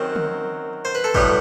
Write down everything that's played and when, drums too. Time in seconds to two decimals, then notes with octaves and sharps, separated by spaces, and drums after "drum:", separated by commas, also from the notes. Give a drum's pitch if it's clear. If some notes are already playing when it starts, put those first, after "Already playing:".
Already playing: F#2 D#3 F#3 C4
0.16 drum: tom D3
0.85 C5
0.95 B4
1.04 A4
1.14 B1 A2 G3 B3 G4, drum: kick